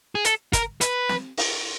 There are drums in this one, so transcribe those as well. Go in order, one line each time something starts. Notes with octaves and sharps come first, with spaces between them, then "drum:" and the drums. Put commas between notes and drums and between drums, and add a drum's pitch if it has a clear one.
G#4
A4, drum: hi-hat
A#4, drum: kick G1, hi-hat
B4, drum: hi-hat
drum: snare
drum: open hi-hat